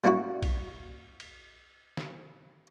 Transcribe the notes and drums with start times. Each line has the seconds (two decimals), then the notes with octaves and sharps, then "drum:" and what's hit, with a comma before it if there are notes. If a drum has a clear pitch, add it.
0.04 G3 A#3 C#4 E4 F#4
0.42 drum: kick A#1, cymbal
1.20 drum: cymbal
1.97 drum: snare